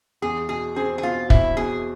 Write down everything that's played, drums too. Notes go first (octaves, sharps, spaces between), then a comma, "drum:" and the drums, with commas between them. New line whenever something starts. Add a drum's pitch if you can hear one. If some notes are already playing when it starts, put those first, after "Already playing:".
E2 G#4
B2 G#4
C4 G#4
G#4
B2 F4
E2 E4, drum: kick
B2 G#4